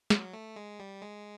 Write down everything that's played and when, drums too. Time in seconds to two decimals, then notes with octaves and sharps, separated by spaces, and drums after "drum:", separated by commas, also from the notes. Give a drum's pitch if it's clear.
0.10 F#3, drum: snare
0.33 A3
0.56 G#3
0.79 G3
1.02 G#3